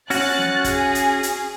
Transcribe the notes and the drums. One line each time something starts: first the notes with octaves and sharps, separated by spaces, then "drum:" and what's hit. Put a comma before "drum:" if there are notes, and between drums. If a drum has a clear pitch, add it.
C#4 F#4 F#6 A6, drum: open hi-hat
drum: snare
G#4, drum: kick, hi-hat
drum: hi-hat
drum: hi-hat